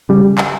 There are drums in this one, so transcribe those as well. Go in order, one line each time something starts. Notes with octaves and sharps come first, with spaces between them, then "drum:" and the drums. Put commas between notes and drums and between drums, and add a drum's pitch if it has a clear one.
C#3 G3
drum: clap